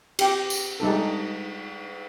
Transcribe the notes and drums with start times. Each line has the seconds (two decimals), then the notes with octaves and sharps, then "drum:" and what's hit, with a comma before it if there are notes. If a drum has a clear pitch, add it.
0.19 G4 G5, drum: cymbal
0.50 drum: tambourine
0.80 G3 G#3 D#4 A4